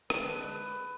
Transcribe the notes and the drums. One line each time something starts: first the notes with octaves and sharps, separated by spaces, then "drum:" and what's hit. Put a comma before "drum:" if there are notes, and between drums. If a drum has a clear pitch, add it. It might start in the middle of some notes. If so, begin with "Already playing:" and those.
D3 G#3 D4 B4, drum: rim click